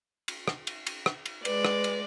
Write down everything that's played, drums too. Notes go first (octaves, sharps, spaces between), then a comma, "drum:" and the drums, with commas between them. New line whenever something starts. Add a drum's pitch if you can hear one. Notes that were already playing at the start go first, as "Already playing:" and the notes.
drum: cymbal
drum: rim click
drum: cymbal
drum: cymbal
drum: rim click
drum: cymbal
G#3 B4 D5, drum: cymbal
drum: rim click
drum: cymbal